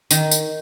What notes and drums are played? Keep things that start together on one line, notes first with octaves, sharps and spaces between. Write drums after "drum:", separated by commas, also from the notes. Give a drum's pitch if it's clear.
D#3, drum: tambourine
drum: tambourine